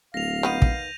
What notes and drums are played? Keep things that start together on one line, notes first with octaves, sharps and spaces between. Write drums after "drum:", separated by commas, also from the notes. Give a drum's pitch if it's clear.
D1 F5 A#6 F7
D#3 B3 G6 D#7
drum: kick